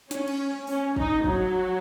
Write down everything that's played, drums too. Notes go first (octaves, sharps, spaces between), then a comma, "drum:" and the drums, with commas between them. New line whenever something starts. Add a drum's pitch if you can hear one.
C#4, drum: snare
drum: cymbal
C#4, drum: open hi-hat
D#4, drum: kick
F#3, drum: kick